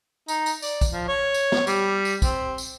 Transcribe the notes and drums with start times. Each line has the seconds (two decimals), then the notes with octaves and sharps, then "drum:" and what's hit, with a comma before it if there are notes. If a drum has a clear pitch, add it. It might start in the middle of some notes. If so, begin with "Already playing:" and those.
0.28 D#4, drum: tambourine
0.46 drum: tambourine
0.62 D5, drum: tambourine
0.81 drum: kick B1, tambourine
0.91 F3
1.08 C#5
1.34 drum: tambourine
1.52 drum: snare
1.67 G3, drum: tambourine
2.05 drum: tambourine
2.22 C4, drum: kick B1, tambourine
2.58 drum: tambourine